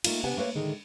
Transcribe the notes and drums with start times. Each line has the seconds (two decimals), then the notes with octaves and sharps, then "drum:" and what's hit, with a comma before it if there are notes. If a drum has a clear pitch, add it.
0.04 A3 A#3 D#4 F4, drum: cymbal
0.24 C3 B3 D4 G4 F#5 G#5
0.37 A3 A#3 B4 C#5
0.55 A2 D3 D#3 G#3